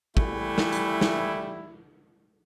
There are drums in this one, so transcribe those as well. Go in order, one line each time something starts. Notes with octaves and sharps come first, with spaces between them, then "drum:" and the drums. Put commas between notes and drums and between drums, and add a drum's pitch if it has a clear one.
E3 G3 A3 E4, drum: kick
drum: snare
drum: hi-hat
drum: snare